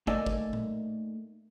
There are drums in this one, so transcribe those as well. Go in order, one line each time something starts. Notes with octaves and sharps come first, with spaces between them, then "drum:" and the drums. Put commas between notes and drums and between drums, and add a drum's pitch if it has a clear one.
A3 A#3 D#4 D5 E5 G#5, drum: kick
drum: kick
drum: tom A2